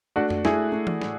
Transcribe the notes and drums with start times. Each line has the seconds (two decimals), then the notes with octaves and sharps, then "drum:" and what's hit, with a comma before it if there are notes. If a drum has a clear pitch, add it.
0.16 A3 D4 F#4
0.30 drum: tom F2
0.45 A3 E4 G#4, drum: snare
0.72 A3
0.87 drum: tom E3
1.02 A2, drum: snare